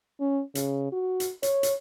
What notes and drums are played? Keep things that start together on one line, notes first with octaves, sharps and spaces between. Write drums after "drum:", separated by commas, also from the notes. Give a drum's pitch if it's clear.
C#4
C#3, drum: hi-hat
F#4
drum: hi-hat
C#5, drum: hi-hat
drum: hi-hat